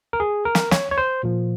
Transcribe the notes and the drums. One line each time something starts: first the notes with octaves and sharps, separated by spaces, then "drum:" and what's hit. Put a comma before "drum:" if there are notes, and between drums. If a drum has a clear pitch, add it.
A#4
G#4
A#4
drum: snare
C#5, drum: snare
C#5
C5
A#2 F3